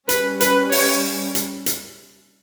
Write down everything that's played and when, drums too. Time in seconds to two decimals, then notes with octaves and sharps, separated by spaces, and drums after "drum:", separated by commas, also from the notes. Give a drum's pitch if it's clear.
0.09 G3 C#4 B4, drum: hi-hat
0.40 B4, drum: hi-hat
0.72 C#5, drum: open hi-hat
1.35 drum: hi-hat
1.66 drum: hi-hat